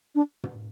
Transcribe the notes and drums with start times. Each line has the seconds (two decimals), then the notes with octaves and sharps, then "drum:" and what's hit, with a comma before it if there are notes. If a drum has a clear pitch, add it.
0.15 D4
0.44 drum: tom